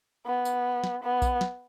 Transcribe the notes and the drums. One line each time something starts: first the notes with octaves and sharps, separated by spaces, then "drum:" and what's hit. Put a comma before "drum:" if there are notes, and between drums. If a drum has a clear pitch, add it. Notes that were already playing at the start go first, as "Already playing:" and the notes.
B3
drum: tambourine
drum: snare
B3
drum: kick A#1, tambourine
drum: snare